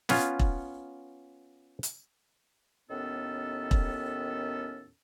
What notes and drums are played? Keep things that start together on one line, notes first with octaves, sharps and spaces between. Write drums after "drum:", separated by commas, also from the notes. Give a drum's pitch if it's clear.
B3 C#4 F4, drum: snare
drum: kick E1
drum: hi-hat
D#2 A2 D#3 B3 C#4 A4
drum: kick E1